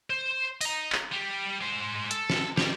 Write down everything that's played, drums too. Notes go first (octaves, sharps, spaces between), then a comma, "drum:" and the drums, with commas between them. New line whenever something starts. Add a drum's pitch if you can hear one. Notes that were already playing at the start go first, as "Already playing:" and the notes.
C5
D#5 A#5, drum: open hi-hat
drum: clap
G3
G#3 C5
A4, drum: hi-hat
drum: snare
G4 D5, drum: snare